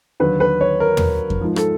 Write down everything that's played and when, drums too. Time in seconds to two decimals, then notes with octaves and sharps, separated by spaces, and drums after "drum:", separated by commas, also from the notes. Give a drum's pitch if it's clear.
0.20 D#2 D3 F#3 B4
0.40 B4
0.61 C#5
0.80 A#4
0.97 drum: tom
1.30 drum: kick F2
1.41 G#2 F3
1.56 A4, drum: rim click